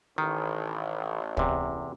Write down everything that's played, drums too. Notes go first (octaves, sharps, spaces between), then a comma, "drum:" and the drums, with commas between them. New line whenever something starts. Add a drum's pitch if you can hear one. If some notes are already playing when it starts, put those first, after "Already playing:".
A1 D#3
E2 C3, drum: kick